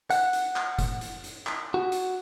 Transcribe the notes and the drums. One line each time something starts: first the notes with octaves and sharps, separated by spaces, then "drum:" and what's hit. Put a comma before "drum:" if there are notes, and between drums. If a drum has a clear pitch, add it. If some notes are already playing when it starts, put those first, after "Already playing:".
F#5, drum: hi-hat
drum: hi-hat
drum: clap
drum: kick F1, hi-hat
drum: hi-hat
drum: hi-hat
drum: clap
F#4
drum: hi-hat